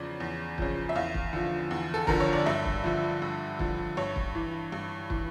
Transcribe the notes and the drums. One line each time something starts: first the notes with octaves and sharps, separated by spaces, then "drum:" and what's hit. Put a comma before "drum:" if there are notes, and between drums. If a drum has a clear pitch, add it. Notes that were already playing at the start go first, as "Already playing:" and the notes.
Already playing: E2 C#3 F3 D5
E2
C#3 F3, drum: kick
E5
E2 F5
drum: kick
D3 F3
E2
A4
D3 F3 A#4, drum: kick
C#5
D5
G2 E5
drum: kick
D3 F3
G2
D3 F3, drum: kick
G2 C#5
drum: kick
E3
G2
E3, drum: kick